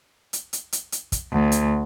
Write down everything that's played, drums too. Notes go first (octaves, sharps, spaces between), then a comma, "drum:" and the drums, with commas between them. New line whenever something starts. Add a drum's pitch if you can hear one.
drum: hi-hat
drum: hi-hat
drum: hi-hat
drum: hi-hat
drum: kick, hi-hat
D2
drum: hi-hat